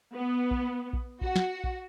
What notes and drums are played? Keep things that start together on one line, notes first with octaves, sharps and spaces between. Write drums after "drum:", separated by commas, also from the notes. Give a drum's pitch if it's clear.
B3
drum: kick A#1
drum: kick A#1
F#4, drum: kick A#1
drum: snare
drum: kick A#1